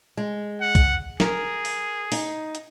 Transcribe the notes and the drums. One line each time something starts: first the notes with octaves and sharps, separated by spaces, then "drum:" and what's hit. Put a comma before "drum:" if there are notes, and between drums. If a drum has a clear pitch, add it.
G#3
F#5
drum: kick, hi-hat
G#4 A#4, drum: snare
drum: open hi-hat
D#4, drum: open hi-hat
drum: hi-hat